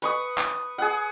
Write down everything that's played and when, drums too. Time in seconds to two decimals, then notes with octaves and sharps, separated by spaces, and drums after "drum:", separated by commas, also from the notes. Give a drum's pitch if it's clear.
0.02 B4 C#6 D#6, drum: hi-hat
0.38 drum: clap
0.78 G#4 F#5